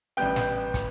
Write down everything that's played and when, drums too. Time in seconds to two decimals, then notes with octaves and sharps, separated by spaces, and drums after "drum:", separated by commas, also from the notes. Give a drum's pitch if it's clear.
0.17 A1 A2 G3 B3 G5 G6
0.36 drum: snare
0.74 drum: kick, hi-hat